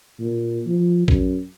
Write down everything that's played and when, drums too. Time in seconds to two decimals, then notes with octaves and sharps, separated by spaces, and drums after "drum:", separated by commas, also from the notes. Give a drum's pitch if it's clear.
0.20 A#2
0.67 F3
1.08 F#2, drum: kick A#1